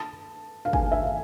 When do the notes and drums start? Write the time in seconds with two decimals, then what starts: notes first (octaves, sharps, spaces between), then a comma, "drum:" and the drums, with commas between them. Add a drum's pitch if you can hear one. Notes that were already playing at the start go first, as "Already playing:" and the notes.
Already playing: A5
0.65 F5
0.73 G#5, drum: kick
0.92 E5
1.03 F5